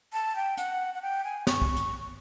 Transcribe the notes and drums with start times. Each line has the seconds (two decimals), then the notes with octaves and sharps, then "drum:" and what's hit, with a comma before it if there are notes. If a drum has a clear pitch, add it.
0.13 A5
0.36 G5
0.57 F#5, drum: hi-hat
0.95 F#5
1.02 G5
1.25 G#5
1.47 C#6, drum: snare
1.62 drum: kick
1.76 drum: hi-hat